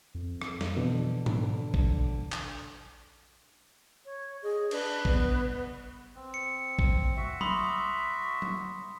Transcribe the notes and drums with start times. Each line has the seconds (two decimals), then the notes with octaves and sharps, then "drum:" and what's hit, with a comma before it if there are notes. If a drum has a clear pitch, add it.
0.15 F2
0.42 drum: rim click
0.61 drum: snare
0.76 F2 B2 D3 E3
1.26 drum: tom G#2
1.74 drum: kick
2.32 drum: clap
4.05 C#5
4.43 G#4 D#5
4.71 D4 B4, drum: cymbal
5.05 B3, drum: kick
6.15 C4
6.34 C#7
6.79 drum: kick
7.17 F#4 E5
7.41 B5 C6 D#6, drum: tom F#3
8.42 drum: tom F#3